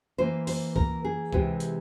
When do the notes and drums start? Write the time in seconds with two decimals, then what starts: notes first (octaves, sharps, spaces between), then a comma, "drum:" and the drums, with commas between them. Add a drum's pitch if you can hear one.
0.18 E3 A#3 C5
0.47 C5, drum: open hi-hat
0.76 A#4, drum: kick C#2
1.04 G#4
1.33 C3 E3 G#3 C4 G4, drum: kick C#2
1.60 drum: hi-hat